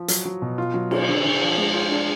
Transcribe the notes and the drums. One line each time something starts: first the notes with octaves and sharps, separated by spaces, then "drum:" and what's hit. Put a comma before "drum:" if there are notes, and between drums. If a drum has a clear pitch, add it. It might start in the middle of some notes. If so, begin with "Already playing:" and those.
Already playing: F3
F#3, drum: hi-hat
F#3
B2
F4
F#3
F4, drum: cymbal
D3
D3
F3
G#3
F4
D4